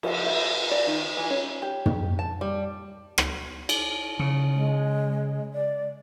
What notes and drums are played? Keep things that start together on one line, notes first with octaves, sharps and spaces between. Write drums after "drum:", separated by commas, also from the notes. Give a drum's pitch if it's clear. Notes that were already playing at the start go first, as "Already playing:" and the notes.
F3, drum: cymbal
E5
D5
D#3
E3
C#4
G4
drum: tom
A5
G3
drum: rim click
drum: cymbal
C#3
G#3
D5